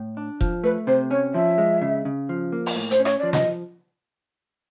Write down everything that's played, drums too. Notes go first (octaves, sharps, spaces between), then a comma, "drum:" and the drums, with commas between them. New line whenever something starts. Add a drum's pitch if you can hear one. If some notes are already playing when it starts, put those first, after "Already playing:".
Already playing: A2
D4
F3, drum: kick F1
A3 B4
C3 C5
C#4 C#5
F3 E5
G#3
C#3
C#3
F3
A#3
drum: open hi-hat
A2
C5, drum: hi-hat
C#4
C#5, drum: rim click
F3 D5
D#5, drum: snare